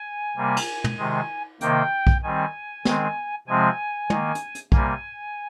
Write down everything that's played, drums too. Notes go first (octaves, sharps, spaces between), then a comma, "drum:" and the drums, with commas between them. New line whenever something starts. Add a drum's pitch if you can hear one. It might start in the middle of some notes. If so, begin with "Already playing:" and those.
Already playing: G#5
C3 G3 A#3
drum: cymbal
drum: tom
C3 D#3 G#3
C3 D#3 A#3 G5, drum: hi-hat
drum: kick B1
D#3 G3 C4 G#5
D#3 G#3 C4, drum: snare
C3 F3 G#3 C4 G#5
D#3 A#3, drum: tom
drum: hi-hat
drum: hi-hat
C3 G3 A#3 G#5, drum: kick B1